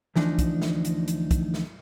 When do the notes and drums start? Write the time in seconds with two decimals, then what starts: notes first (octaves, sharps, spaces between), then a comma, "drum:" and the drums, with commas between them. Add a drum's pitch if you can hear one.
0.16 D2 E3 F3 D4 D#4, drum: snare
0.39 drum: kick, hi-hat
0.62 drum: snare
0.85 drum: hi-hat
1.08 drum: hi-hat
1.31 drum: kick, hi-hat
1.54 drum: snare